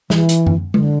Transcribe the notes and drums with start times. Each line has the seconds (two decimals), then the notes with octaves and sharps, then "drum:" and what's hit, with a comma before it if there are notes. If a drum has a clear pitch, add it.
0.10 E3, drum: snare
0.29 drum: hi-hat
0.47 drum: tom F#2
0.74 D3, drum: tom G#3